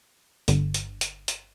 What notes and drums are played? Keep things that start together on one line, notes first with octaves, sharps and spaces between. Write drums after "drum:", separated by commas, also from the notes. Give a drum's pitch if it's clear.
G1 G2 D3, drum: hi-hat
drum: hi-hat
drum: hi-hat
drum: hi-hat